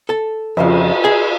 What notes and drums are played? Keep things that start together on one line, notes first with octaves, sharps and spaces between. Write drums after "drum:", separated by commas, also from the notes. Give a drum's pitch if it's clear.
A4 A5
F2 C#3 F3, drum: cymbal
G#4 G#5